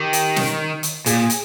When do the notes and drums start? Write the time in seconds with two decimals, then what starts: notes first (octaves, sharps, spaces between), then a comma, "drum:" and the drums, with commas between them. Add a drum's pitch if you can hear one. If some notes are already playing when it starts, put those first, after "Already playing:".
Already playing: D#3 G4
0.13 drum: hi-hat
0.36 drum: snare
0.83 drum: hi-hat
1.06 A#2 G#4, drum: hi-hat
1.30 drum: hi-hat